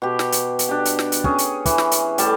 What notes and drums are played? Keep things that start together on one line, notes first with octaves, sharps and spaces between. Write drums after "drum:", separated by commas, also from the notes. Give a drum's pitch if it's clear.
B2 G4
drum: snare
drum: hi-hat
drum: hi-hat
D4 G4
drum: hi-hat
drum: snare
drum: hi-hat
C#4 G#4, drum: kick
drum: hi-hat
E3, drum: kick, hi-hat
drum: snare
drum: hi-hat
A2 G3 A5, drum: hi-hat